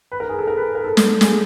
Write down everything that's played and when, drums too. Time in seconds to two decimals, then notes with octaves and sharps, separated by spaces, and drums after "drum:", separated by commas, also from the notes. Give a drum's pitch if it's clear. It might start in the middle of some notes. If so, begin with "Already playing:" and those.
0.12 B4
0.20 A#4
0.29 G#4
0.39 A4
0.47 A#4
0.57 B4
0.75 A#4
0.84 A4
0.97 drum: snare
1.21 G#4, drum: snare